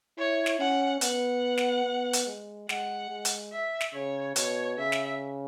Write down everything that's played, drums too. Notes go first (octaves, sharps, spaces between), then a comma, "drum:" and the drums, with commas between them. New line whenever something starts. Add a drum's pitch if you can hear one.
E4 C#5
drum: snare
C#4 F#5
B3 F#5, drum: hi-hat
drum: snare
B3
drum: hi-hat
G#3
G#3 F#5, drum: snare
G#3
drum: hi-hat
E5
drum: snare
C#3 C#5
B2 C#5, drum: hi-hat
C#3 E5
drum: snare